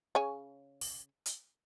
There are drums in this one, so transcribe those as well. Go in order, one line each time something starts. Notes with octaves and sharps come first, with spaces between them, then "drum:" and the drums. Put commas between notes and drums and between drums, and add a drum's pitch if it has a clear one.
C#3 C#5 G#5
drum: open hi-hat
drum: hi-hat